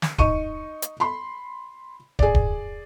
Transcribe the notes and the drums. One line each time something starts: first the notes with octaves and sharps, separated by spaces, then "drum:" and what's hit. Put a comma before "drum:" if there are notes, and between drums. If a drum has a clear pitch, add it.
drum: snare
D#4 C#6 D#7, drum: kick
drum: hi-hat
B5 C6
G#4 D5, drum: kick
drum: kick